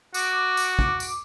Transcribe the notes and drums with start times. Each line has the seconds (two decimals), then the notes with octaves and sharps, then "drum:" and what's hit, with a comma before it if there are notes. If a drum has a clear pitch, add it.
0.14 F#4 D6, drum: tambourine
0.57 drum: tambourine
0.79 drum: kick
1.00 drum: tambourine